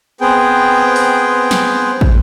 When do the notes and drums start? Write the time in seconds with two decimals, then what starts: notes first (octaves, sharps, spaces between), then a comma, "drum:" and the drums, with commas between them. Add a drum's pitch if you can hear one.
0.21 B3 C4 G#4 G5
0.96 drum: open hi-hat
1.51 drum: snare
2.01 drum: kick